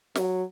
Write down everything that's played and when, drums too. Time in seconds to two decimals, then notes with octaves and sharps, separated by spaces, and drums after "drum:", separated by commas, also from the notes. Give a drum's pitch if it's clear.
0.15 F#3, drum: snare